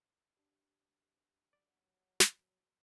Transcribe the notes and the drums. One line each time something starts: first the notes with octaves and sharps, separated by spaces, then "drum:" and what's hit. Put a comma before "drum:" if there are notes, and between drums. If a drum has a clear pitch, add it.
D4 G4
F#3 D5
drum: snare